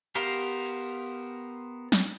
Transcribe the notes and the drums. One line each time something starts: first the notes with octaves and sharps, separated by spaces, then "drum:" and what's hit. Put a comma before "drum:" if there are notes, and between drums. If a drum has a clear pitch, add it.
B3 G4 A#4 C5 F5, drum: cymbal
drum: hi-hat
drum: snare